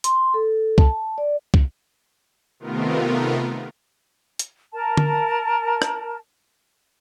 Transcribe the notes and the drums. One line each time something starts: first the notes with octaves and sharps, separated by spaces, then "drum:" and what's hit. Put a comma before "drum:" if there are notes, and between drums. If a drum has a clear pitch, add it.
C6, drum: hi-hat
A4
A5, drum: kick
D5
drum: kick
C3 D#3 A3 B3 F4 A#4
drum: hi-hat
A#4 A5
drum: tom D3
drum: rim click